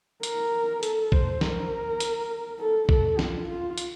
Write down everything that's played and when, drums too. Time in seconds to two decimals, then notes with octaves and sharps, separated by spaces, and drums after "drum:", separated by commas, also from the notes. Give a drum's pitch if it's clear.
0.23 A#4, drum: hi-hat
0.83 A4, drum: hi-hat
1.12 C5, drum: kick B1
1.41 A#4, drum: snare
2.00 drum: hi-hat
2.59 A4
2.89 A4, drum: kick B1
3.19 F4, drum: snare
3.48 F4
3.78 drum: hi-hat